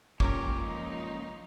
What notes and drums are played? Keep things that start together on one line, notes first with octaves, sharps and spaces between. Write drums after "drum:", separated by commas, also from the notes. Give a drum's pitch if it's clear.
C#2 A#2 C#4 G4 A#4 A#5 D6, drum: kick
F3 D#4